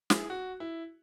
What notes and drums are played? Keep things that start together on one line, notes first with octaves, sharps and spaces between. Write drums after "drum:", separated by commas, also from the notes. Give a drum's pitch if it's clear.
E4 G#4, drum: snare
F#4
E4